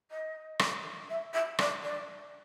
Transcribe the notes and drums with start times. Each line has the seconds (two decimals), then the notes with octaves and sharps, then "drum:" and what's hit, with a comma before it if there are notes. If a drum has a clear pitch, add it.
0.10 D#5
0.59 drum: rim click
1.09 E5
1.33 E5
1.59 D5, drum: rim click
1.83 D5